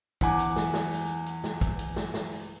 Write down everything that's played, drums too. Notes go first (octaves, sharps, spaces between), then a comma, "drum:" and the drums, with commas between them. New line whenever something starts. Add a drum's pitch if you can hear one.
E2 F#5 G#5 D6, drum: kick, hi-hat
drum: hi-hat
drum: snare
drum: snare
drum: open hi-hat
drum: hi-hat
drum: hi-hat
drum: snare
drum: kick, hi-hat
drum: hi-hat
drum: snare
drum: snare
drum: open hi-hat